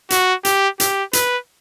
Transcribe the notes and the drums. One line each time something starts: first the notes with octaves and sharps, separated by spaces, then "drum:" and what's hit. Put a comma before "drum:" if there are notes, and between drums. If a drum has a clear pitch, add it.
F#4, drum: hi-hat
G4, drum: hi-hat
G4, drum: hi-hat
B4, drum: hi-hat